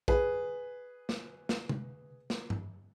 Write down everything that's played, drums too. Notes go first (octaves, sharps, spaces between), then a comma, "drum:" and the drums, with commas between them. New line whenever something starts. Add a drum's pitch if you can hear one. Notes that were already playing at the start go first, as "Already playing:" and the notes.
G#4 B4, drum: kick
drum: snare
drum: snare
drum: tom
drum: snare
drum: tom G2